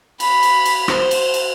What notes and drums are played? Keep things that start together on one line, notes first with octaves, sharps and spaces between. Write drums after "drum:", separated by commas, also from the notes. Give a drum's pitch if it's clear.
B5, drum: cymbal
drum: cymbal
drum: cymbal
C5, drum: rim click
drum: cymbal
drum: cymbal